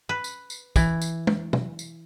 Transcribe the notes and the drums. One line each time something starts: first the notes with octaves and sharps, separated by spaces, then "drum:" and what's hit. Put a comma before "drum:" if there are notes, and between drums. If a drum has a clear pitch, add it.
B4
drum: tambourine
drum: tambourine
E3, drum: kick, tambourine
drum: tambourine
drum: tom
drum: tom
drum: tambourine